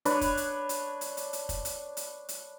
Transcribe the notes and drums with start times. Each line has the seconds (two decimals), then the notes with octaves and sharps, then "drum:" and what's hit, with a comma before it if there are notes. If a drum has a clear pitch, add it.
0.05 D4 B4 C#5, drum: hi-hat
0.21 drum: kick, hi-hat
0.37 drum: hi-hat
0.69 drum: hi-hat
1.01 drum: hi-hat
1.17 drum: hi-hat
1.33 drum: hi-hat
1.49 drum: kick, hi-hat
1.65 drum: hi-hat
1.97 drum: hi-hat
2.29 drum: hi-hat